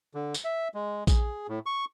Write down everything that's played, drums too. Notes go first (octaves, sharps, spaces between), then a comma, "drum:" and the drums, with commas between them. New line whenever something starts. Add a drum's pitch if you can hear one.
D3
drum: tambourine
E5
G#3
G#4, drum: kick A#1, tambourine
A2
C#6